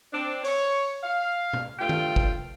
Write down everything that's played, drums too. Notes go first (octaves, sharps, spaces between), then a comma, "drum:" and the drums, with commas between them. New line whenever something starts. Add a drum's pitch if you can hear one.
C4 D4
C#5, drum: open hi-hat
F5
drum: tom B2
G2 A3 F4 G5
drum: tom
drum: kick